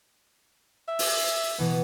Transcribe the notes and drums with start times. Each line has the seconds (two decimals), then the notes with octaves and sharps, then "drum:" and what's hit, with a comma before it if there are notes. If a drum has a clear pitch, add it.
0.88 E5
0.99 drum: open hi-hat
1.58 B2 E3 B3